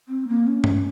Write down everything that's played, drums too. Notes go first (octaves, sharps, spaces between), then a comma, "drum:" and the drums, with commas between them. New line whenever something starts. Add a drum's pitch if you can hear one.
C4
A#3
C#4
drum: tom G2